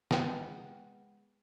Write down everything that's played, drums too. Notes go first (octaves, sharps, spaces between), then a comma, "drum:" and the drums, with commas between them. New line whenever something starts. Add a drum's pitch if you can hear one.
G#3 B3 G5, drum: snare